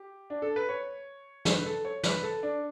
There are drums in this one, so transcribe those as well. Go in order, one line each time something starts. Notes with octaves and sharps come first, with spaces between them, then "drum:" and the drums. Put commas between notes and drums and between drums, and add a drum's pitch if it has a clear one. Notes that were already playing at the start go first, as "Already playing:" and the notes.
Already playing: G4
D4
A4
B4
C#5
B4, drum: snare
A4
C#5
B4, drum: snare
A4
D4